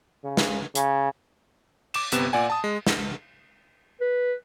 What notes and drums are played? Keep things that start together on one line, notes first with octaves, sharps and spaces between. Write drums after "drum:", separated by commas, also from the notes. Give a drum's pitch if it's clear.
C#3
drum: snare
C#3, drum: hi-hat
D6 E7, drum: cymbal
G1 C3 B3 E7, drum: hi-hat
A#2 D5 F#5 G#5
A5 D#6
G#3
drum: snare
B4